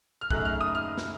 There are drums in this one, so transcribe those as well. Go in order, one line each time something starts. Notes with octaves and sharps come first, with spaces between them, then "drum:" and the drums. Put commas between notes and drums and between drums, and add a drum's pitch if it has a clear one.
F6
F#2 C#3 F#3 A3 D#4 F#6, drum: kick
F6
D#6
F6
drum: snare